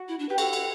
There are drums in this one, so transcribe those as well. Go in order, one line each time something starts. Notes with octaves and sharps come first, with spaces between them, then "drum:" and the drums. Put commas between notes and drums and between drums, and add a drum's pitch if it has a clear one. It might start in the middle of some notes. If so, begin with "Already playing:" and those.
Already playing: F#4
E4
D4
G4 B4
F#4 A4, drum: cymbal
drum: cymbal